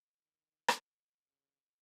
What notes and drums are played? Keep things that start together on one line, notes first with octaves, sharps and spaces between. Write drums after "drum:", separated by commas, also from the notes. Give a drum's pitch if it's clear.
D#3
drum: rim click
C#3